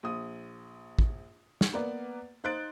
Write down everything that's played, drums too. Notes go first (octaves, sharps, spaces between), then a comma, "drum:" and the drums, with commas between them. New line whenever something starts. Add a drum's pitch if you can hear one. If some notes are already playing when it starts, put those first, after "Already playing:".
A#1 D#6
drum: kick
drum: snare
A#3 B3 B4 D5 F#5
D#4 C5 F#6 A6 D7